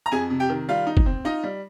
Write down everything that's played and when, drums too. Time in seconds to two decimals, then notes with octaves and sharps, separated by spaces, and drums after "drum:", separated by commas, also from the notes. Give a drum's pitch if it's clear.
0.06 A#5
0.12 F2 G#4 G#5
0.30 C3
0.40 G4 G5
0.50 D#3
0.69 G3 F4 F5
0.87 D#4
0.97 drum: kick
1.06 C4
1.25 D#4 F4 D#5
1.44 G3